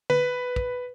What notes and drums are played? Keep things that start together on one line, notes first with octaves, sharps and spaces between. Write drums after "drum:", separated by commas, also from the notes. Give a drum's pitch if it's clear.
B4, drum: tom
drum: kick